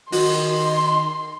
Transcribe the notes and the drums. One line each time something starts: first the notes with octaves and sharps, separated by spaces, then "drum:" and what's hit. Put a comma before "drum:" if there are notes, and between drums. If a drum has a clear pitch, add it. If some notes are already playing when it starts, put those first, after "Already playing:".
D#3 F#4 D#5 C6, drum: open hi-hat